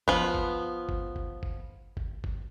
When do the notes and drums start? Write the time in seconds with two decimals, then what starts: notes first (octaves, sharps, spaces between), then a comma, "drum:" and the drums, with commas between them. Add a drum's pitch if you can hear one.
0.08 F3 B3, drum: kick G1
0.35 drum: kick G1
0.89 drum: kick G1
1.16 drum: kick G1
1.43 drum: kick G1
1.97 drum: kick G1
2.24 drum: kick G1